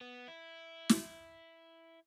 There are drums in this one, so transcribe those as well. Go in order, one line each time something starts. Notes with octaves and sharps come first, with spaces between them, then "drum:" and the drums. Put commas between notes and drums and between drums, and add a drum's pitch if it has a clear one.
B3
E4
drum: snare